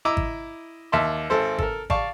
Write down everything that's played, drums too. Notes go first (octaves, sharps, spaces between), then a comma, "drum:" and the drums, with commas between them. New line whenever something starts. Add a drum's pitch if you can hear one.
E4 D#5 A#5 D6 E6
drum: kick G#1
D#2 E5 A5 C6
G#1 A4 C5
A4 A#4, drum: kick G#1
D5 F5 A5 C#6, drum: kick G#1